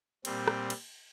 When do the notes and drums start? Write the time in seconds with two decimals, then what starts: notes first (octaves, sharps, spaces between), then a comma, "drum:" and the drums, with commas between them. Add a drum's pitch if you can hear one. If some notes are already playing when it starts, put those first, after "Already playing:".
0.25 A#2 G3 C4, drum: cymbal
0.48 drum: rim click
0.70 drum: cymbal